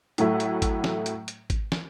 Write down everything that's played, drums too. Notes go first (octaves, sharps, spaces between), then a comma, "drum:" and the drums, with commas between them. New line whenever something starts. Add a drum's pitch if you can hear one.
A2 F#3 A3 E4, drum: hi-hat
drum: hi-hat
drum: kick G#1, hi-hat
drum: snare
drum: hi-hat
drum: hi-hat
drum: kick G#1, hi-hat
drum: snare